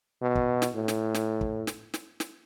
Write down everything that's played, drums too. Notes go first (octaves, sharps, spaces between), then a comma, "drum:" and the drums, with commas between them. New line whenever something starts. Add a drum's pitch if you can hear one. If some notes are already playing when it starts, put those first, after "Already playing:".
B2
drum: kick
drum: snare
A2
drum: snare
drum: snare
drum: kick
drum: snare
drum: snare
drum: snare